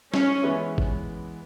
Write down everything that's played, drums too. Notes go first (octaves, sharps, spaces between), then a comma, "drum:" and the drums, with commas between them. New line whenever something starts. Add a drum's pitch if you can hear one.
C#4, drum: snare
E3 G#3 B3 E4
drum: kick G#1